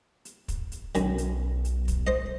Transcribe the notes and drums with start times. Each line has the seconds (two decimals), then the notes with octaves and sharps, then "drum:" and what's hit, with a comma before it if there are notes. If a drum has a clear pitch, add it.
0.25 drum: hi-hat
0.48 drum: kick, hi-hat
0.72 drum: hi-hat
0.95 B1 F#2 D#3, drum: hi-hat
1.18 drum: hi-hat
1.65 drum: hi-hat
1.88 drum: kick, hi-hat
2.07 C5 D#5